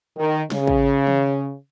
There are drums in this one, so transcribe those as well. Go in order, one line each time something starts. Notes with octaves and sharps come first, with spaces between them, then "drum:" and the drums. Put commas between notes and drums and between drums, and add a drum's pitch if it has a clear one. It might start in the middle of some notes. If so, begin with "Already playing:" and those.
D#3
C#3, drum: snare
drum: kick
drum: tom D#3